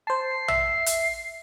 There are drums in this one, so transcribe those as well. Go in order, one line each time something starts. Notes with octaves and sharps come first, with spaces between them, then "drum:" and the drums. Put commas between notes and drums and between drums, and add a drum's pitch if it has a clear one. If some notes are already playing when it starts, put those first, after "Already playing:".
C5 A5 C7
E5, drum: tom
drum: hi-hat